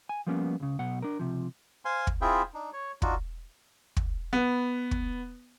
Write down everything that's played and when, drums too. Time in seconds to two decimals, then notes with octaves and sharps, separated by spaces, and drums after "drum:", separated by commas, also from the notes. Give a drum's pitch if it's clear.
0.09 G#5
0.27 F3 G3 A#3 B3 C#4
0.60 C#2 C#3
0.79 B1 B2 F#5
1.02 D4 A#4
1.19 C#2 C3 F3
1.85 C5 F5 G#5 C6
2.07 drum: kick
2.21 C4 E4 F4 G#4 E5 G5
2.54 D4 D#4
2.73 C#5
3.02 D4 D#4 F4 F#4, drum: kick
3.97 drum: kick
4.33 B3
4.91 drum: kick